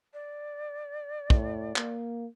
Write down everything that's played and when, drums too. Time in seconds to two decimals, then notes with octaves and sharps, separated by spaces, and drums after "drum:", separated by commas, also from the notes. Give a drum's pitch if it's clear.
0.14 D5
1.30 A2, drum: kick
1.76 A#3, drum: clap